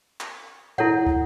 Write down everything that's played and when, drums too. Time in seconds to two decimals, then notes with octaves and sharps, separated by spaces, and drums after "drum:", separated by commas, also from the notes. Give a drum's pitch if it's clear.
0.20 drum: clap
0.78 E4 A4 C#5 F#5, drum: tom
1.07 drum: kick